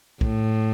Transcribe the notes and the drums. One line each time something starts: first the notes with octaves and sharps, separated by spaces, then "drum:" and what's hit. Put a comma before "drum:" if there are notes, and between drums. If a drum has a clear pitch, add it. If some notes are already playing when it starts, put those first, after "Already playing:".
A2, drum: kick B1